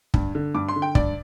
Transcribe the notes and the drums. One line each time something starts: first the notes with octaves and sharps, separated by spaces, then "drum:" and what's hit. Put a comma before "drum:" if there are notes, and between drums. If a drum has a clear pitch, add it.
G2, drum: kick
D3
G2 D6
C6
D3
G5
G2 D5, drum: kick